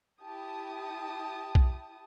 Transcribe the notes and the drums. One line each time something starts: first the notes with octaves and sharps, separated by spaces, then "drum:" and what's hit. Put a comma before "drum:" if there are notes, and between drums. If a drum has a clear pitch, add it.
E4 G4 A5 D#6
drum: kick B1